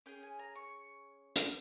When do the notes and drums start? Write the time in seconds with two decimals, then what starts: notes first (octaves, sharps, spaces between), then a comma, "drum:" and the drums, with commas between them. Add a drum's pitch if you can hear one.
0.06 C#4 G#4 G5
0.23 G#5
0.39 A#5
0.56 C#6
1.36 drum: hi-hat